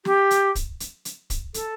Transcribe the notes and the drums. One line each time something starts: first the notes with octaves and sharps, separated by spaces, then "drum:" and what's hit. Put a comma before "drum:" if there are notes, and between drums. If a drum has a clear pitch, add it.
G4, drum: snare
drum: hi-hat
drum: kick, hi-hat
drum: hi-hat
drum: hi-hat
drum: kick, hi-hat
A4, drum: hi-hat